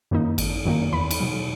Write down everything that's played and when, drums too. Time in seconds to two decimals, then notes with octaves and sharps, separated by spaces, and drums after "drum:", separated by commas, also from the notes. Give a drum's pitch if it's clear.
0.11 F#2 D#3 A#3 D#4
0.38 G#1, drum: cymbal
0.65 F#2 D#3 A#3 D#4
0.93 E2 B5
1.11 drum: cymbal
1.20 B2 F#3